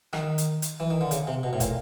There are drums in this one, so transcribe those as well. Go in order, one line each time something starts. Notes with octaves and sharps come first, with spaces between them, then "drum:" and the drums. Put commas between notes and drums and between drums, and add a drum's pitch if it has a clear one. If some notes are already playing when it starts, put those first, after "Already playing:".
D#3, drum: rim click
drum: hi-hat
drum: hi-hat
E3
D#3
D3
C#3, drum: hi-hat
C3
B2
A2
A#2, drum: kick, hi-hat